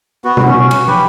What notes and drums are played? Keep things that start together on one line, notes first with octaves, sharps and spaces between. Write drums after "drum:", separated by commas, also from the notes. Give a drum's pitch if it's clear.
B3 F#4
drum: tom B2
C#4
drum: cymbal
G4 B4, drum: tom